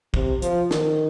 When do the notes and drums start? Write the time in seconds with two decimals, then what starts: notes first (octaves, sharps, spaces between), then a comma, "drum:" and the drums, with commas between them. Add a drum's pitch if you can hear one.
0.14 C3, drum: kick
0.42 F3, drum: hi-hat
0.71 D#3, drum: snare